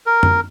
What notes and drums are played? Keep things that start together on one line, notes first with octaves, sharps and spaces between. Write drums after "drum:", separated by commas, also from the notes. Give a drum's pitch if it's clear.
A#4
drum: tom